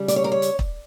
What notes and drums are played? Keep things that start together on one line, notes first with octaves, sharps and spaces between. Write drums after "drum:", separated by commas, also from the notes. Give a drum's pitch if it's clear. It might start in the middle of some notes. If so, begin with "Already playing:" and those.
Already playing: C#3 G3
D5, drum: hi-hat
C#5
A#4
C#5
drum: hi-hat
drum: kick